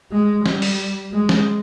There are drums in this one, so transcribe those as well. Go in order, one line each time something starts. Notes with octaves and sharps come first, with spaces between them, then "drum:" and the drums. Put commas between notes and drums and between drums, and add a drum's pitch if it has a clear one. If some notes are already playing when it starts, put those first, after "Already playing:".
G#3
G3, drum: snare
drum: open hi-hat
G#3
drum: snare